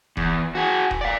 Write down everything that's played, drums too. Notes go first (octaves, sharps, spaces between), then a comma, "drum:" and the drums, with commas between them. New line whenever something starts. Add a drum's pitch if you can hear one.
E2, drum: kick D#1
F#4 G#4
drum: kick D#1
D5 F5